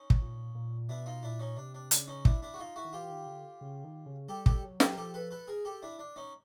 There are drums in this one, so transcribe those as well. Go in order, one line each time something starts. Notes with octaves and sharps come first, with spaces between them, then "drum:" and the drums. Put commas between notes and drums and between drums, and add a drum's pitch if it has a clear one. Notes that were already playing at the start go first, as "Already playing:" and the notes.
Already playing: C#4 D#4
drum: kick
A#2
A#2
B2 D4 E4
D#4 F4
A#2 D4 E4
C#4 D#4
C3 D4
D4
C#3 D4, drum: hi-hat
C#4 D#4
D4 E4, drum: kick
D4 E4
F#4
D#4 F4
E4 F#4
D#3
E3 F4 G4
D#3
D3
C#3
D#3
C#3
G3 G4 A4
G4 A4, drum: kick
F#3
G4 A4, drum: snare
A#4
F3 G4 A4
A4 B4
A4 B4
G#4 A#4
G4 A4
D4 E4
D4
C#4 D#4